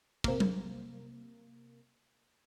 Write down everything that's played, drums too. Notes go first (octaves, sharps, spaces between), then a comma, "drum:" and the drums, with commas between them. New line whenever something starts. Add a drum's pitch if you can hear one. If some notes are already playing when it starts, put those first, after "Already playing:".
C3 A#3, drum: kick
drum: tom F#3